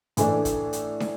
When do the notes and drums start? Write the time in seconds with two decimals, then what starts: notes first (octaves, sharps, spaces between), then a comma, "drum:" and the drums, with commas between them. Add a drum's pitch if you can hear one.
0.17 A2 E3 A3 D4, drum: hi-hat
0.45 drum: kick, hi-hat
0.73 drum: hi-hat
1.00 drum: snare